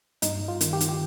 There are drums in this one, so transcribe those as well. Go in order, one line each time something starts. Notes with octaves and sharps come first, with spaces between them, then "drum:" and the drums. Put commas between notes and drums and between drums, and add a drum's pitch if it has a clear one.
G2 D#4, drum: hi-hat
G2
F4
D#3, drum: hi-hat
G4
D#3, drum: hi-hat
G4